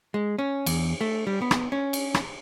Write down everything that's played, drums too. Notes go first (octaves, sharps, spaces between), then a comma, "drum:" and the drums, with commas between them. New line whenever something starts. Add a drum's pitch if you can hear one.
G#3
C#4
E2, drum: cymbal
A3
G3
B3
drum: rim click
C#4
drum: cymbal
drum: rim click